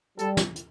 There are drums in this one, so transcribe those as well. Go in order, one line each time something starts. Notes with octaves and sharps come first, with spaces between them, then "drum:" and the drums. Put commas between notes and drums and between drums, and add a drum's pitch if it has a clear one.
G3 A4, drum: hi-hat
drum: snare
drum: hi-hat